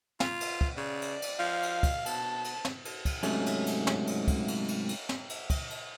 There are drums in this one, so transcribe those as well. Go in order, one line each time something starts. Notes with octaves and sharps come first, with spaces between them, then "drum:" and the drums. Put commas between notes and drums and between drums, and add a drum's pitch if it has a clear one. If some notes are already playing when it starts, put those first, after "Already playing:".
F4, drum: snare
drum: cymbal
drum: kick
C#3 D5
drum: cymbal
drum: cymbal
F3 F5
drum: cymbal
drum: kick, cymbal
B2 A5, drum: cymbal
drum: cymbal
drum: snare
drum: cymbal
drum: kick, cymbal
G#2 C3 F#3 A3 C#4, drum: cymbal
drum: cymbal
drum: cymbal
drum: snare
drum: cymbal
drum: kick, cymbal
drum: cymbal
drum: cymbal
drum: cymbal
drum: snare
drum: cymbal
drum: kick, cymbal
drum: cymbal